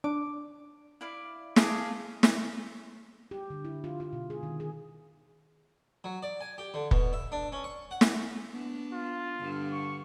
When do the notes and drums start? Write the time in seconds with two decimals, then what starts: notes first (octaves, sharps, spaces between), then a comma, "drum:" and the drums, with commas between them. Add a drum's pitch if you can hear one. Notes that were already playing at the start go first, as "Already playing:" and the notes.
0.04 D4 D6
1.01 E4 D5 F5
1.56 G#4 F5 A5 D6, drum: snare
2.23 drum: snare
3.31 G4
3.50 D3
3.65 E4
3.84 F4
4.00 F4
4.13 B2
4.30 G#4
4.43 D#3
4.60 G#4
6.04 F#3
6.23 D5
6.41 G#5
6.58 G4
6.74 D3
6.91 B2, drum: kick
7.13 E5
7.32 D4
7.52 C#4
7.64 C#6
7.91 F#5
8.01 drum: snare
8.51 B3 D4
8.93 F4
9.38 G2 D3
9.72 C#6